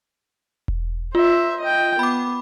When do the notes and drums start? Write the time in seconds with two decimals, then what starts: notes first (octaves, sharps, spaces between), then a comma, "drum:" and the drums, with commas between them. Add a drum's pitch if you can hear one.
0.68 drum: kick E1
1.15 F4 C5 E5
1.61 D#5 G5
1.99 B3 B5 D6